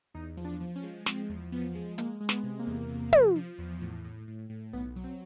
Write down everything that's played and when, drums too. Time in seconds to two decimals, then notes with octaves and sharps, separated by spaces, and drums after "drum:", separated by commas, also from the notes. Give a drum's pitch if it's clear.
0.14 E2 D#4
0.37 F3
0.45 D4
0.60 F3
0.76 C#4
0.83 G#3
1.06 F3 C4, drum: snare
1.29 E2
1.52 F3 B3
1.75 G#3
1.98 G#3 A#3, drum: hi-hat
2.20 G#3
2.29 B3, drum: snare
2.43 C3
2.59 A#3
2.67 E2
2.89 C3
3.13 F3, drum: tom
3.35 F3
3.59 E2
3.81 A2
4.04 A2
4.27 A2
4.50 A2
4.73 B1 B3
4.96 F#3
5.04 C4